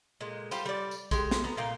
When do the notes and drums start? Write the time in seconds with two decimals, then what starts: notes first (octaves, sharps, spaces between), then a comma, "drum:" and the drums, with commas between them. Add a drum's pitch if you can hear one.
0.21 A#2 G#3
0.51 G3 F4 G4 C5, drum: tambourine
0.66 G3 D5
0.91 drum: tambourine
1.11 G#3 G4, drum: kick A#1, tambourine
1.31 drum: snare
1.44 B3 A#5
1.57 A#2 A#3 F5 G5